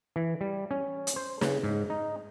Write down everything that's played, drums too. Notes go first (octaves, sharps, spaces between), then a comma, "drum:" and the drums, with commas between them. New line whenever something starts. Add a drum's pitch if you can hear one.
E3
G3
C#4
drum: hi-hat
C5
C#3, drum: snare
G#2
D#4